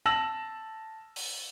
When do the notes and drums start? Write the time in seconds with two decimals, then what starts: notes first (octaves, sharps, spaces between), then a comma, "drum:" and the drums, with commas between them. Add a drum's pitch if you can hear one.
0.06 A5 E6 A#6 E7 F#7
1.16 drum: open hi-hat